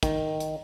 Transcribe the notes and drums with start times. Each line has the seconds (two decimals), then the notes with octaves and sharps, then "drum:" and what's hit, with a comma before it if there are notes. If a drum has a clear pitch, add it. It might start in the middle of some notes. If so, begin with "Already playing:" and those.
0.03 D#3, drum: kick, hi-hat
0.40 drum: hi-hat